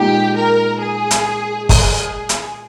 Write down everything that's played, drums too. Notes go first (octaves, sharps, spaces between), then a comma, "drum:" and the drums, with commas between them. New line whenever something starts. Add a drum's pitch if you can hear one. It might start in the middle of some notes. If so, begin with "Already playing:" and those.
Already playing: A#2 G#3 D#4 G4
A#4
G#4
drum: hi-hat
G#4, drum: kick, open hi-hat
drum: hi-hat